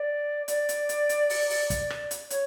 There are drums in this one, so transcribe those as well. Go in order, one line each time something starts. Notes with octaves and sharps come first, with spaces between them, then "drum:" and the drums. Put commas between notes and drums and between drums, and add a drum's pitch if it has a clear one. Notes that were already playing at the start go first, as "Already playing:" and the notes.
Already playing: D5
D5, drum: hi-hat
drum: hi-hat
drum: hi-hat
drum: hi-hat
drum: open hi-hat
drum: open hi-hat
drum: kick, hi-hat
drum: rim click
drum: hi-hat
C#5, drum: hi-hat